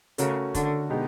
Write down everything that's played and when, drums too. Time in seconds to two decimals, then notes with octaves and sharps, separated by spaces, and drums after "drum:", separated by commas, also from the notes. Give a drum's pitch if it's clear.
0.18 C#3 A3 C#4 F#4 A#4, drum: hi-hat
0.55 D3, drum: kick, hi-hat
0.90 B2 G#3 B3 D#4 G4